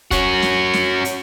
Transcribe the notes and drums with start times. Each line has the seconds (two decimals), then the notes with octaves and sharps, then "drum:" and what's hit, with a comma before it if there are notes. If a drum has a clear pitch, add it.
0.11 C#4 F#4, drum: kick, hi-hat
0.42 drum: snare
0.74 drum: snare
1.05 drum: hi-hat